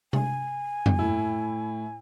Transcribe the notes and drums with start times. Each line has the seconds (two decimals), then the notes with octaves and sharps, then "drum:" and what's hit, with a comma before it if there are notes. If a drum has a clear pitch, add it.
0.13 G#5, drum: tom C3
0.86 drum: tom F2
0.99 A2 E4